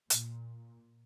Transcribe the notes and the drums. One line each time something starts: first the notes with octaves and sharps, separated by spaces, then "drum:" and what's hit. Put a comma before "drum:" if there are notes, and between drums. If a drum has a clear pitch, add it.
A#2, drum: hi-hat